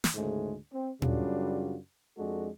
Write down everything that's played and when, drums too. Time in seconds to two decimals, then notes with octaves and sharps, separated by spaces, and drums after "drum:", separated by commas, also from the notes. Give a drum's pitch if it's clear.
0.04 drum: snare
0.14 D2 G#2 C#3 G#3 A3
0.73 C4
1.02 F#2 C#3 G3 D4 F4 F#4, drum: tom
2.18 F2 G#3 D4 F#4 A4